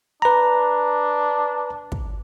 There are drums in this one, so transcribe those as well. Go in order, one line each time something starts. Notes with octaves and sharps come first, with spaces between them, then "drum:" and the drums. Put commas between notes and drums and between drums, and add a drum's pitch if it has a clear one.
D4 B4 A#5
drum: kick